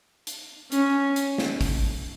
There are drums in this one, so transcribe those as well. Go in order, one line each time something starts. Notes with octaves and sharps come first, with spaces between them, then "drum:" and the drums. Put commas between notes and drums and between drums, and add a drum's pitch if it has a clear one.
drum: hi-hat
C#4, drum: hi-hat
drum: hi-hat
drum: snare
drum: kick, open hi-hat